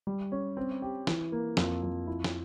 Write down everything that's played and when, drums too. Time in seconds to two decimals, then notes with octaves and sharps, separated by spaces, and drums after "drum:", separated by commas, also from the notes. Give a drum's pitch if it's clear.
0.07 G3
0.32 C#4
0.57 C4
0.82 G4
1.07 E3, drum: snare
1.32 A#3
1.57 F2, drum: snare
1.83 F2
2.07 E4
2.24 drum: snare